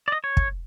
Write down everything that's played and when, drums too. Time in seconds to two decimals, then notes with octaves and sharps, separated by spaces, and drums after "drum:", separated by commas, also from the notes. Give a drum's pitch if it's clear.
0.08 D5
0.12 D#5
0.24 C#5
0.37 drum: kick